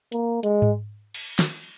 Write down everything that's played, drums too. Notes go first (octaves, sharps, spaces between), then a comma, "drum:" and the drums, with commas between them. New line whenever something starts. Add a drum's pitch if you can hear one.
A#3, drum: hi-hat
G#3, drum: hi-hat
drum: tom G#2
drum: cymbal
drum: snare